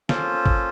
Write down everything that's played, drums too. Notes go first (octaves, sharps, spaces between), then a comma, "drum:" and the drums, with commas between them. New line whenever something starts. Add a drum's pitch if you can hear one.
A#3 C#4 F4 A4 C5, drum: snare
drum: kick G#1